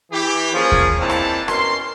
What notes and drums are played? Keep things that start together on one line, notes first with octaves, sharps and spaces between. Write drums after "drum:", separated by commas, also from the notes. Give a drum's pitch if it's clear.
E3 G4
F3 A#3 C#4 G#4
drum: kick D#2
E3 A#3 C4 D4 D#4 A5
drum: rim click
B2 C#4 A#4 C6, drum: rim click